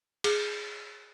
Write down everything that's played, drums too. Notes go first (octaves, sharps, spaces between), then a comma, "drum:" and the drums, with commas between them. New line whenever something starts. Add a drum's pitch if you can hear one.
G#4, drum: cymbal